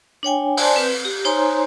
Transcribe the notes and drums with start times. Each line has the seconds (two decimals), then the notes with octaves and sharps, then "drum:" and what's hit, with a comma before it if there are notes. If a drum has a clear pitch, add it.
0.23 D4 C#5 G5 G#5
0.57 C5 D5 G#5 A5 C6, drum: open hi-hat
0.76 C4 B4
1.05 G4
1.25 D#4 C5 C#5 G#5 A#5 C6